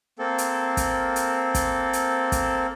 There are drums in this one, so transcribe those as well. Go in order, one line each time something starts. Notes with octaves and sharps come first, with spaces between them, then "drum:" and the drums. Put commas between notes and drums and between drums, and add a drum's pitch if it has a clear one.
A#3 C4 A4
drum: hi-hat
drum: kick, hi-hat
drum: hi-hat
drum: kick, hi-hat
drum: hi-hat
drum: kick, hi-hat